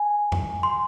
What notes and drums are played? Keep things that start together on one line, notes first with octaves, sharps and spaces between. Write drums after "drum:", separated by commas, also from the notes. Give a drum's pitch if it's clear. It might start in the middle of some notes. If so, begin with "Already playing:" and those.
Already playing: G#5
drum: tom F2
C6